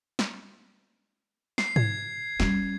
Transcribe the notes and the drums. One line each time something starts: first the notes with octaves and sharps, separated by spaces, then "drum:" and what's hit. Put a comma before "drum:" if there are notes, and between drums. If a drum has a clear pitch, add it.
drum: snare
C7, drum: snare
G#6, drum: tom G#2
G3 C#4, drum: snare